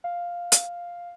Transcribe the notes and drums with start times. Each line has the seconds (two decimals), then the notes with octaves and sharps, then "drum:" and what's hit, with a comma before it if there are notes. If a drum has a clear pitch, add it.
0.04 F5
0.52 drum: hi-hat